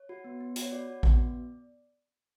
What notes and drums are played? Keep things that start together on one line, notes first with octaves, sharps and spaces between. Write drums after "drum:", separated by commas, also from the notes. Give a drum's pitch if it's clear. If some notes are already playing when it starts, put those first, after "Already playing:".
Already playing: C#5
F#4
B3
B3
F#4, drum: hi-hat
C#5
F#4 D5
F#4
B3, drum: kick A1